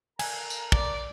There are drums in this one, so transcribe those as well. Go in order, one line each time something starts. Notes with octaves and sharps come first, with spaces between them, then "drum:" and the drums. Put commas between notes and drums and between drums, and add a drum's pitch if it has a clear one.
A4 A#4 G#5 A#5, drum: cymbal
drum: tambourine
D5, drum: kick